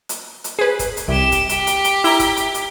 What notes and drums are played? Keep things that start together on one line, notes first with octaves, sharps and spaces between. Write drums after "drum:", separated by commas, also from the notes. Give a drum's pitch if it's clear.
drum: hi-hat
drum: hi-hat
G#4 B4
drum: kick, hi-hat
drum: hi-hat
C2 G4 E7
drum: kick, hi-hat
G4, drum: hi-hat
drum: hi-hat
drum: hi-hat
E4 A#5, drum: open hi-hat
drum: kick, hi-hat
drum: hi-hat
drum: hi-hat